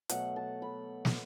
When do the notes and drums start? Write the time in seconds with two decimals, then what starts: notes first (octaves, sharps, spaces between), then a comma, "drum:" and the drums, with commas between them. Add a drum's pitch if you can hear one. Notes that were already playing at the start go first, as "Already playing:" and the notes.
0.09 B2 F#3 A3 F#5, drum: hi-hat
0.36 A5
0.62 B5
1.05 drum: snare